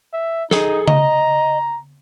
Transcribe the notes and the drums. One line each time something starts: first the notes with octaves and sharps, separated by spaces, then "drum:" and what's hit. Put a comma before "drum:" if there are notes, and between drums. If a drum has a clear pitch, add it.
E5
D#4 G#4 A4, drum: snare
D#5 A#5, drum: tom C#3